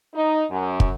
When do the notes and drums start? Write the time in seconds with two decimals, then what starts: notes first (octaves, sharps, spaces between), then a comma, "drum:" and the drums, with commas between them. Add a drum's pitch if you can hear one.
0.14 D#4
0.50 F#2
0.80 drum: kick